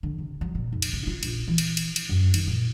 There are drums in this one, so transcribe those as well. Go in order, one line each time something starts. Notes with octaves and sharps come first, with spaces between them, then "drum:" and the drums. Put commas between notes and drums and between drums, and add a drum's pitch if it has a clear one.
D3
C3
F#3
A#2
F1
drum: cymbal
C3
F4
A#1, drum: cymbal
E3
drum: cymbal
drum: cymbal
drum: cymbal
F#2
D#3, drum: cymbal
A#2